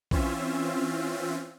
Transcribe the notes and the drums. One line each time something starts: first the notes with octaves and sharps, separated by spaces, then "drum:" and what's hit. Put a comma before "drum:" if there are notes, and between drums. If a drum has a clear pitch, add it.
E3 C4 C#4 F4 E5, drum: kick